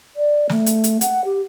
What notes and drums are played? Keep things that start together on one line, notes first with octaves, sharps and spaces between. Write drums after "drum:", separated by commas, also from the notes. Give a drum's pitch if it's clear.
D5
A3, drum: snare
drum: hi-hat
drum: hi-hat
F#5, drum: hi-hat
G4